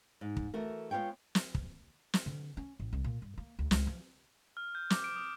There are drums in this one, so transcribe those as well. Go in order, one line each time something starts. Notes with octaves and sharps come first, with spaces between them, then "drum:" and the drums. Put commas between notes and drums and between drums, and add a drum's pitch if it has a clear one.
G#2
drum: kick
E3 A3 F#4 A#4
G#3 B3 F4 C#5 G5
drum: snare
drum: kick
drum: snare
D3
C#4
A1
C2
A#2
G2
A#3
D2
C#2, drum: snare
F3
F6
G6
D6, drum: snare
D7
D#6